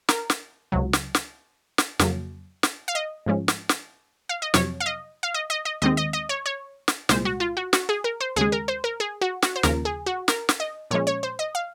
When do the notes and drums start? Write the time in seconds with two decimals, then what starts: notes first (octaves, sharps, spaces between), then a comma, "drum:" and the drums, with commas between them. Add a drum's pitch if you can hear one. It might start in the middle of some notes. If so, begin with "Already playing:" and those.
0.09 A#4, drum: snare
0.30 drum: snare
0.72 C#2 C3 F#3
0.93 drum: snare
1.15 drum: snare
1.78 drum: snare
1.99 F2 C#3 F#3 A#3, drum: snare
2.63 drum: snare
2.88 F5
2.95 D#5
3.26 G#2 F3 G#3 C#4
3.48 drum: snare
3.69 drum: snare
4.29 F5
4.42 D#5
4.54 F2 C3 F#3 C#5, drum: snare
4.80 F5
4.86 D#5
5.23 F5
5.34 D#5
5.50 D#5
5.65 D#5
5.82 D#2 D#3 G#3 C4 D#5
5.97 D#5
6.13 D#5
6.29 C#5
6.46 C#5
6.88 drum: snare
7.09 C2 A#2 G#3 C5, drum: snare
7.25 F#4
7.40 F4
7.57 F#4
7.73 F#4, drum: snare
7.89 G#4
8.04 A#4
8.21 C5
8.36 D#2 C#3 G#3 G#4
8.52 A#4
8.68 C5
8.84 A#4
9.00 G#4
9.21 F#4
9.42 F#4, drum: snare
9.56 C5
9.63 D#2 C#3 F3 A#3 A#4, drum: snare
9.85 G#4
10.06 F#4
10.28 A#4, drum: snare
10.49 drum: snare
10.60 D#5
10.91 A#2 F3 G#3 C#4 C#5
11.07 C#5
11.23 C5
11.39 D#5
11.55 F5